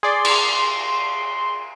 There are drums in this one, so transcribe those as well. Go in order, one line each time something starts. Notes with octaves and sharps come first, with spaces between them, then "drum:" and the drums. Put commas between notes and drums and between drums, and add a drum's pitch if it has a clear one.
G#4 D5 C6
drum: cymbal